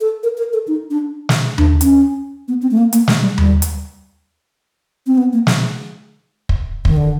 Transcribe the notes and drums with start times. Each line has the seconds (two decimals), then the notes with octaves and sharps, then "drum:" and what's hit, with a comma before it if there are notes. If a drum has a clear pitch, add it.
0.01 A4
0.23 A#4
0.37 A#4
0.53 A4
0.68 D#4
0.90 D4
1.29 drum: snare
1.58 D4, drum: tom D#2
1.81 C#4, drum: hi-hat
2.48 B3
2.62 C4
2.71 A3
2.77 A#3
2.93 A#3, drum: hi-hat
3.08 G#3, drum: snare
3.22 G3
3.38 G3, drum: tom D#2
3.62 drum: hi-hat
5.07 C4
5.18 B3
5.33 A#3
5.47 F3, drum: snare
6.49 drum: kick
6.85 D#3, drum: kick
6.97 D3